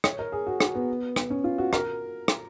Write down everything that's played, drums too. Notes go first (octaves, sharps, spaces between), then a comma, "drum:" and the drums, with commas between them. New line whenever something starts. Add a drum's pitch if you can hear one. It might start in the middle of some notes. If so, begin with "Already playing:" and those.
C#5, drum: rim click
A#4
G#4
F#4
drum: rim click
B3
drum: rim click
C#4
F4
F#4
A#4, drum: rim click
drum: rim click